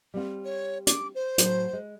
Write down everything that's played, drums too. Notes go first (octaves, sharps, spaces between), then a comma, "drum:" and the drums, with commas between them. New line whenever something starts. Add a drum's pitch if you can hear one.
G3 C4 F4
C#5
D6, drum: hi-hat
C5
A2 F#3, drum: hi-hat
G#3